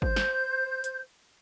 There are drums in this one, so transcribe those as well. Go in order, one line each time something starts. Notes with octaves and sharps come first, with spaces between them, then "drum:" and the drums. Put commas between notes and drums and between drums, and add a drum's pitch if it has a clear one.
C5 G6, drum: kick
drum: snare
drum: hi-hat